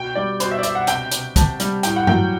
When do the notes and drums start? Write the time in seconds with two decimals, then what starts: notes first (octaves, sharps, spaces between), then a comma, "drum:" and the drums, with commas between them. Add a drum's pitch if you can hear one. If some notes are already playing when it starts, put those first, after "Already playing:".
Already playing: B2 G5
0.15 G3 D5
0.40 B2 C5, drum: hi-hat
0.51 E5
0.59 D5
0.63 B2 E5, drum: hi-hat
0.75 F#5
0.87 C3 G5, drum: hi-hat
1.12 C3, drum: hi-hat
1.36 C3 A5, drum: kick, hi-hat
1.60 G3, drum: hi-hat
1.83 A2 G5, drum: hi-hat
1.96 F#5
2.07 F#3 G5, drum: tom G2